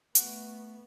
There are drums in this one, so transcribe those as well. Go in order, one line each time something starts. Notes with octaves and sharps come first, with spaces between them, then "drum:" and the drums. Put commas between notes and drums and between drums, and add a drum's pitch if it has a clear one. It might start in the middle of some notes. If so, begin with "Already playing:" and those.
A3 B3 F#4 F#5, drum: hi-hat